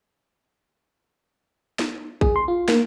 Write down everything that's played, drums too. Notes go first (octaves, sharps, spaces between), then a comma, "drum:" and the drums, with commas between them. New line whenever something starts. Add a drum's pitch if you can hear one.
drum: snare
G#4, drum: kick
C6
F4
A#3, drum: snare